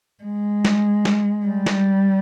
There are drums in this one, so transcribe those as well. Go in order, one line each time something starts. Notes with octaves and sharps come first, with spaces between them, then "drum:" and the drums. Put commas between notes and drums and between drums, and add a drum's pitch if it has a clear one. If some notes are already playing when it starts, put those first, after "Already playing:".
G#3
drum: snare
drum: snare
G3
drum: snare